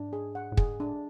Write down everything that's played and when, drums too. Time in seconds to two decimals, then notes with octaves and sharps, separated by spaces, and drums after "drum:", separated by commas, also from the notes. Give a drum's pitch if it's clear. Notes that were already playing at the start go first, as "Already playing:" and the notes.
Already playing: G#2 D4
0.13 G#4
0.35 F#5
0.52 A2
0.57 G#2 G#4, drum: kick
0.79 A2 D4